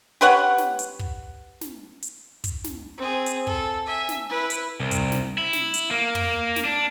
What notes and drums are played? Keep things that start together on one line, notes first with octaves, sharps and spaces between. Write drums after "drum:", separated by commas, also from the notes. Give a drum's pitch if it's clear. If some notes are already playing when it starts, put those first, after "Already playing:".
G4 B4 C#5 F#5
drum: snare
drum: hi-hat
drum: kick
drum: snare
drum: hi-hat
drum: kick, hi-hat
drum: snare
C4 G#4
drum: hi-hat
A4, drum: kick
E5 G#5
drum: snare
E4 B4
drum: hi-hat
C2
drum: kick, hi-hat
drum: snare
E4
drum: snare
drum: hi-hat
A#3
drum: tom
drum: snare
D4